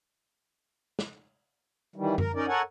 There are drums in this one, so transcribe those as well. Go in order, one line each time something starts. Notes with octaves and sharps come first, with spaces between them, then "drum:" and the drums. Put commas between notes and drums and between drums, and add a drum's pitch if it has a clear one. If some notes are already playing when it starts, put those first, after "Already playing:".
drum: snare
D#3 E3 G3
A#4, drum: tom F#2
C#4 D#4 A#4 D5
A4 A#4 C#5 F#5 G#5